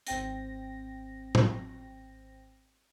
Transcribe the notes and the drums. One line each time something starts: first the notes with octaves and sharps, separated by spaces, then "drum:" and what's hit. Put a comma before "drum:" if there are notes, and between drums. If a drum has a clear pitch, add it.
G#1 C4 G5 A#6, drum: hi-hat
drum: tom A2